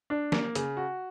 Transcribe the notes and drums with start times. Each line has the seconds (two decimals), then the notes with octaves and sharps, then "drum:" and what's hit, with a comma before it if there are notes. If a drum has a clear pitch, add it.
0.10 D4
0.32 A#3, drum: snare
0.55 C#3, drum: hi-hat
0.77 F#4